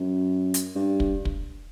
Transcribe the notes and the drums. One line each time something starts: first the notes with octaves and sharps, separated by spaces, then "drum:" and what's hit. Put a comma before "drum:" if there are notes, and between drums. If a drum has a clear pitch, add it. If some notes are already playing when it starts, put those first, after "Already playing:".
Already playing: F#2
drum: hi-hat
G2
drum: kick
drum: kick